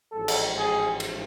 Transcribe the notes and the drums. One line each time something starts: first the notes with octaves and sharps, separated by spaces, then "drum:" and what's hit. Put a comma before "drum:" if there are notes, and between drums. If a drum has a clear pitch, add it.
A1 G#2 F3 G#3 A4
drum: cymbal
G#4
drum: cymbal